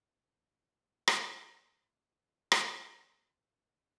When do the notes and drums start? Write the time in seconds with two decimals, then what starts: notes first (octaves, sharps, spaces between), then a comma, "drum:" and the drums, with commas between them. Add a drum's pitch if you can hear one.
0.15 D2 B2 E6
1.08 drum: rim click
1.44 A#4 A#5
2.52 drum: rim click
2.95 F5 G5